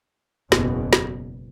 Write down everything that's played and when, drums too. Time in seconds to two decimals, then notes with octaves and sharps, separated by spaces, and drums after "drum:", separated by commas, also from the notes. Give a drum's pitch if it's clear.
0.52 F#1 E2 B2, drum: snare
0.93 drum: snare